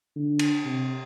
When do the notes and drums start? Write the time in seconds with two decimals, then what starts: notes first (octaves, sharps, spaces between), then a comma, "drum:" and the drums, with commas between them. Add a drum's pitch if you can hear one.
0.16 D3
0.39 drum: cymbal
0.65 C3